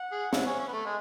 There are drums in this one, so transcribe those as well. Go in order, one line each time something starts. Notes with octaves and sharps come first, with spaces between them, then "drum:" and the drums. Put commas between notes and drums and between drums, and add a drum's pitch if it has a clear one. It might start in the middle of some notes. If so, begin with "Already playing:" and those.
Already playing: F#5
G#4
E4, drum: snare
C#4
C#4
B3
A3
G#3